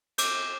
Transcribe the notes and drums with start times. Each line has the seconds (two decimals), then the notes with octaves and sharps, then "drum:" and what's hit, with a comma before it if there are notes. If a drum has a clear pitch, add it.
0.18 D6 G6, drum: cymbal